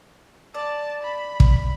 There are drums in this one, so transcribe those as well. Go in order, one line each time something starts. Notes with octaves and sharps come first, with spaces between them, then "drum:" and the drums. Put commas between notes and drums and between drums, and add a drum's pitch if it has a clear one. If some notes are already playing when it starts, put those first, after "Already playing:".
D5 A5
B5
drum: kick